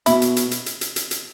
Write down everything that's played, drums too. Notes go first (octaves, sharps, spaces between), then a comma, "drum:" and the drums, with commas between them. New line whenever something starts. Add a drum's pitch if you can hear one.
B2 E4, drum: hi-hat
drum: hi-hat
drum: hi-hat
drum: hi-hat
drum: hi-hat
drum: hi-hat
drum: hi-hat
drum: hi-hat